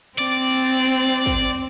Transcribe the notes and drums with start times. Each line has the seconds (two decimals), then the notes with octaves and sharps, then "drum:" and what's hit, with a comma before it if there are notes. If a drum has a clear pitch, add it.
0.18 C4 D5
1.26 drum: kick